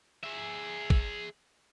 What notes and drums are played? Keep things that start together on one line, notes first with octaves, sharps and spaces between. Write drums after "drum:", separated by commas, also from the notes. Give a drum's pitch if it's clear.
G#4 E5
drum: kick